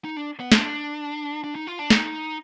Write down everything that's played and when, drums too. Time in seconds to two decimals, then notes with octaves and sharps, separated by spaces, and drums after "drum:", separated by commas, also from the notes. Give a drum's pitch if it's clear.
0.05 D#4
0.17 D4
0.40 B3
0.52 D4, drum: snare
1.44 D4
1.56 D#4
1.67 F4
1.79 D4
1.90 D#4, drum: snare